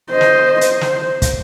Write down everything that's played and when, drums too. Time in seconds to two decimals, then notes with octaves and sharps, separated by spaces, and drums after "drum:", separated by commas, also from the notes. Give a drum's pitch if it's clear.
0.11 C5 D#5
0.21 drum: snare
0.61 C5, drum: hi-hat
0.81 drum: snare
1.22 drum: kick, hi-hat